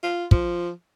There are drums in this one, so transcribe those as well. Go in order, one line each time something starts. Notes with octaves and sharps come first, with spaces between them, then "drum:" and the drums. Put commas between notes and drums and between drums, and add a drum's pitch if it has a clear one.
F4
F3, drum: kick